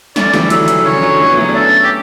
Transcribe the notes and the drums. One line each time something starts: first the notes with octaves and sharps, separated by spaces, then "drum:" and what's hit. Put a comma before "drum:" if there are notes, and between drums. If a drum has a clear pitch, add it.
A3 C#4 D5, drum: snare
E3 G3, drum: snare
D3 F#3 E5, drum: hi-hat
E3
D3, drum: hi-hat
D3
C#3 E3 C#5
D3 F#3
F#3 A3
B3
F#3 A3
D4
A3 C#4 A4
G4